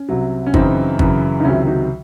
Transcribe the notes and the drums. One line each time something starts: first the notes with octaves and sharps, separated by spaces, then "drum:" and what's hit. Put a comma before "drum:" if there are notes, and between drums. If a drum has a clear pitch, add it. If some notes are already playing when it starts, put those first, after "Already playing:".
Already playing: C#4
C2 C3 F#3
C#4
F#2 C#3 E3 C4 D#4, drum: kick
F#2 C#3 E3, drum: kick
D#4
C#2 C3 D#3 F#3 C#4 E4
D#4 F#4